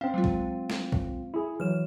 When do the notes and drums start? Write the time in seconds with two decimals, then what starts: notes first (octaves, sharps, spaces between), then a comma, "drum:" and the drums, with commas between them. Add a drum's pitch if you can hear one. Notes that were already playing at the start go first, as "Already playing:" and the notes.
0.01 C4 C#4 F5
0.14 F#3 G#3 F4
0.24 drum: kick B1
0.70 drum: snare
0.92 drum: kick B1
1.34 E4 G#4
1.60 E3 F#3 F6 E7